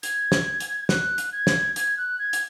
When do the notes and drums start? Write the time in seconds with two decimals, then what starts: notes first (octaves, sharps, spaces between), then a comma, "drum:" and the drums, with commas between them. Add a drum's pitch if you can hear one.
0.03 G#6, drum: hi-hat
0.32 drum: snare
0.60 drum: hi-hat
0.89 F#6, drum: snare
1.18 drum: hi-hat
1.32 G#6
1.47 drum: snare
1.76 G#6, drum: hi-hat
1.97 F#6
2.19 G#6
2.33 drum: hi-hat